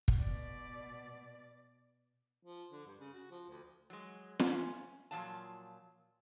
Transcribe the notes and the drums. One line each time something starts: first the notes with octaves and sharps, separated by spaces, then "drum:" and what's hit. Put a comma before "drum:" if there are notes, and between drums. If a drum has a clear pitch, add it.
drum: kick
B2 D5
F3
D3
G2
C#3
F#4
F3
D2
F#3 G#3
C#4 F4 F5, drum: snare
A#2 F3 F#3 F5 A5